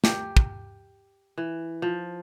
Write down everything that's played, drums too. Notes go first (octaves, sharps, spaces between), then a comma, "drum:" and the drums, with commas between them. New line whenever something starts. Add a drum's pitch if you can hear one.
G4, drum: snare
drum: kick
E3
F3